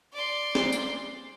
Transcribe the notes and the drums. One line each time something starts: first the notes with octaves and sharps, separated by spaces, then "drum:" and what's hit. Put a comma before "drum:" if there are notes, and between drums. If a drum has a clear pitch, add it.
D5 C6
drum: snare
drum: tambourine